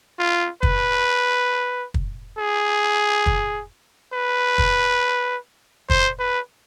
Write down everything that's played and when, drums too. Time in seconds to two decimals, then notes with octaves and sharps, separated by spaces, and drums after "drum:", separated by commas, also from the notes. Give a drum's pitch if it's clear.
0.19 F4
0.63 B4, drum: kick
1.94 drum: kick
2.38 G#4
3.26 drum: kick
4.14 B4
4.58 drum: kick
5.90 C5, drum: kick
6.19 B4